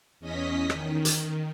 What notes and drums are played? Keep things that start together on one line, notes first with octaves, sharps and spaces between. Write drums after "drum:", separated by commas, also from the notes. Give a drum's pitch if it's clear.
E2 C#4 D#5 D#6 B6
D#3, drum: rim click
drum: hi-hat